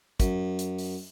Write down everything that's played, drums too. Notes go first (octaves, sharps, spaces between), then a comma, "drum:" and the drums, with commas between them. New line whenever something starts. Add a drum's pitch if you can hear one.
F#2, drum: kick, hi-hat
drum: hi-hat
drum: open hi-hat